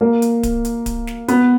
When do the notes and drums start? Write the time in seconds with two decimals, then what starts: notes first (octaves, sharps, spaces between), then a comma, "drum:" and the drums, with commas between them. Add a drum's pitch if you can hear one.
0.01 A#3
0.22 drum: hi-hat
0.43 drum: kick D1, hi-hat
0.65 drum: hi-hat
0.86 drum: kick D1, hi-hat
1.07 drum: snare
1.28 B3, drum: hi-hat